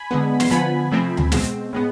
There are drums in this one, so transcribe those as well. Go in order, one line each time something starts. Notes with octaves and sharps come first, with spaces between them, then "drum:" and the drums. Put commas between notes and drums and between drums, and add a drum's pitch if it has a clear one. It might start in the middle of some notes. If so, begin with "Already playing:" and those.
Already playing: G#5 B5
D3 G#3 B3
C6, drum: snare
D3 F3 B3 G#5 B5
C3 F3 A3 C4
drum: tom D2
B2 G#3 C4, drum: snare
A2 G#3 B3